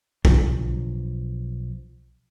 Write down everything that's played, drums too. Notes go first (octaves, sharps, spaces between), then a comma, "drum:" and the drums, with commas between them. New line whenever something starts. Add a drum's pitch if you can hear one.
B1 F3 D4, drum: kick